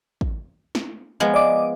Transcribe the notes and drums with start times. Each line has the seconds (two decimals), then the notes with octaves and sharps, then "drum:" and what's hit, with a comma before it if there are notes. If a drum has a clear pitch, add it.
0.21 drum: kick
0.75 drum: snare
1.20 F3 G#3 B3
1.34 D5 D#5 D6